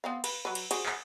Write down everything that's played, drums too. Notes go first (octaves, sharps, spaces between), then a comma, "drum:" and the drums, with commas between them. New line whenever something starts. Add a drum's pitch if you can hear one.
B3 C4 F5
B4, drum: cymbal
F#3 B4
drum: cymbal
F#4 G#4 C5, drum: cymbal
drum: clap